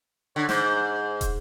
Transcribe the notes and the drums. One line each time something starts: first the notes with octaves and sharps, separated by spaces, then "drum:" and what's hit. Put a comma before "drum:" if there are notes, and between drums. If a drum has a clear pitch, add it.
D3 C#5
G#2 C5, drum: snare
C5
drum: kick, hi-hat